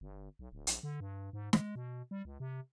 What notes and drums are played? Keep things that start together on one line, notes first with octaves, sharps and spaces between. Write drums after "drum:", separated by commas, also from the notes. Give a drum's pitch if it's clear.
G1
B1
D1
A#1, drum: hi-hat
D3
G2
G#2
G#3, drum: snare
B2
G3
C#2
C3